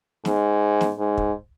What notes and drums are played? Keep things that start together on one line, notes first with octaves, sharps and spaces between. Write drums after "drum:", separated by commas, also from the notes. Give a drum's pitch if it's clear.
G#2, drum: snare
drum: snare
G#2
drum: kick